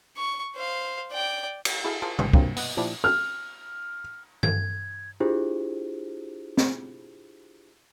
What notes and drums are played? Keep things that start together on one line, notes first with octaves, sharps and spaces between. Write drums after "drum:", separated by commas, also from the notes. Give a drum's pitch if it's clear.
C#6
C5 F5
D5 G5
drum: cymbal
E4 F#4 G#4 A4 E5 F5
F4 G#4 A#4 C5 A5 D6
G#1, drum: tom C3
G2 C3 F3 F#3 A#3 C4, drum: kick
B3 D#5 F#5, drum: open hi-hat
A#2 F3 D4 E4 G4
F6
G#6, drum: tom G2
D4 E4 F4 G4 G#4 C5
drum: snare C4